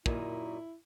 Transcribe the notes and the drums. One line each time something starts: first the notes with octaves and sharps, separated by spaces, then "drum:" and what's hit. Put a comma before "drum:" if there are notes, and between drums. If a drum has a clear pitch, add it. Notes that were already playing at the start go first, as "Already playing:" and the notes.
F#2 A#2 D#4 E4, drum: kick